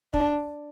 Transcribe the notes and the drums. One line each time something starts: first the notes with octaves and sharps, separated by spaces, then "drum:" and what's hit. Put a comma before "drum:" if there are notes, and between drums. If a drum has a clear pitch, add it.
D4, drum: kick